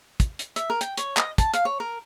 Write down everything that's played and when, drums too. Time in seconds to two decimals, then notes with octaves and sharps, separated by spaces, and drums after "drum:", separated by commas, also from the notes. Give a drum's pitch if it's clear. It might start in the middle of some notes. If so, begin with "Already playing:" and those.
0.20 drum: kick, hi-hat
0.39 drum: hi-hat
0.56 E5, drum: hi-hat
0.70 A#4
0.81 G5, drum: hi-hat
0.97 C#5, drum: hi-hat
1.17 D#5, drum: clap
1.38 A5, drum: kick, hi-hat
1.54 F5, drum: hi-hat
1.65 C#5
1.80 A#4